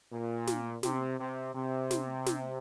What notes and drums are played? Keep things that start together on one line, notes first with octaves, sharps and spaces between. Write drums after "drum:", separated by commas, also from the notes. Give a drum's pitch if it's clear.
A#2
drum: snare
C3, drum: snare
C3
C3
drum: snare
drum: snare